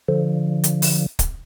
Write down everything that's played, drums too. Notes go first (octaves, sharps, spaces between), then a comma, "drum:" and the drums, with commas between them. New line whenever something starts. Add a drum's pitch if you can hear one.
D3 F3
drum: hi-hat
drum: open hi-hat
drum: kick, hi-hat